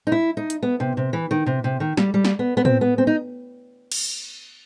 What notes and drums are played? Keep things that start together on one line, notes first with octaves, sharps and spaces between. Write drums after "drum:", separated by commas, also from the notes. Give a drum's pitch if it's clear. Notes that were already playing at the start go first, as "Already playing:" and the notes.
D#4
E4
D#4
drum: hi-hat
B3
C3
C3
E3
D#3
C3
C3
D#3
G3, drum: snare
G3
drum: snare
B3
B3
C4, drum: tom A2
B3
C4
D#4
drum: cymbal